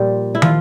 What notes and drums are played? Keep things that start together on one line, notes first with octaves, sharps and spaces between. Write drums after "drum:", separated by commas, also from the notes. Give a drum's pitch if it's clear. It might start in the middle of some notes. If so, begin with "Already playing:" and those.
Already playing: A#2 F3 G3 G4
E4
F3 F4, drum: tom